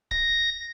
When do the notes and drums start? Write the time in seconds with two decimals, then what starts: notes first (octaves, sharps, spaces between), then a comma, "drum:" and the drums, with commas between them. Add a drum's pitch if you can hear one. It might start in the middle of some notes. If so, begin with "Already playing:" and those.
0.11 A#6, drum: kick